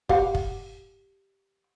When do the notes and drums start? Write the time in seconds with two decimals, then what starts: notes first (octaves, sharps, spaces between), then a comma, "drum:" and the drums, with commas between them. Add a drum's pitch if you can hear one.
0.09 G4 F5 F#5, drum: kick
0.35 drum: kick